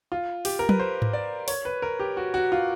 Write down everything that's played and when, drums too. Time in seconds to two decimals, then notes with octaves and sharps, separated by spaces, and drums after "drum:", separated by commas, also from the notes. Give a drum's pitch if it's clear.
0.12 F4
0.45 G4, drum: open hi-hat
0.59 A#4
0.69 B4, drum: tom F#3
0.80 C5
1.02 drum: tom G#2
1.13 D5
1.48 C#5, drum: open hi-hat
1.65 B4
1.82 A#4
2.00 G4
2.17 F#4
2.34 F#4
2.52 F4